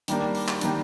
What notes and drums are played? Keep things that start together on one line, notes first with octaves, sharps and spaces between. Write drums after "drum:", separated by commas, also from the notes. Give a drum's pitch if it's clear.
D#3 G3 A#3 D4, drum: hi-hat
drum: open hi-hat
drum: clap
D#3 G3 A#3 D4, drum: hi-hat